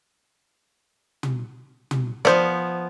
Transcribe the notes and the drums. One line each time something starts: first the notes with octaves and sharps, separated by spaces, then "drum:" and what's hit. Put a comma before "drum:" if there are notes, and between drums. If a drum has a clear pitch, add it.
drum: tom
drum: tom
F3 B3 C5 D5